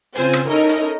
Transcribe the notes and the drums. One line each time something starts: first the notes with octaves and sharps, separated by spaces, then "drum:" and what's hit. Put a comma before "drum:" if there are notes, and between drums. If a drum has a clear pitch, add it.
C#3 C4 F4 C5 G#5, drum: hi-hat
drum: rim click
C#4 D#4 E4 A4 A#4 D#5
drum: hi-hat